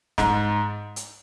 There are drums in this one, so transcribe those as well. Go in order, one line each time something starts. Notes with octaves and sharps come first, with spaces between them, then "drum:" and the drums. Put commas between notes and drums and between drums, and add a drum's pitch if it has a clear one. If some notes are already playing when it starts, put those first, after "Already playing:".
G#2, drum: snare
drum: hi-hat